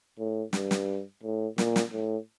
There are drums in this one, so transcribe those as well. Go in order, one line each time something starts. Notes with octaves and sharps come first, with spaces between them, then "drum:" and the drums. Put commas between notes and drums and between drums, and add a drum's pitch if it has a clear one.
A2
G2, drum: snare
drum: snare
A2
A#2, drum: snare
drum: snare
A2